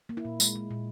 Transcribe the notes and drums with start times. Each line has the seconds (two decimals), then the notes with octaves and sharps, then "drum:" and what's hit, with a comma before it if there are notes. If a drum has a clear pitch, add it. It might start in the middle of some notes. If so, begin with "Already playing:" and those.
0.09 A#3
0.17 E4
0.25 A#2
0.40 G#3, drum: tambourine
0.55 G#3
0.71 A#2